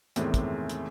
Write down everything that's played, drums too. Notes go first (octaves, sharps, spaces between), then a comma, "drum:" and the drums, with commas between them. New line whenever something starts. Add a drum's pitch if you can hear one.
E2 A2 C3 D#3 G#3, drum: hi-hat
drum: kick, hi-hat
drum: hi-hat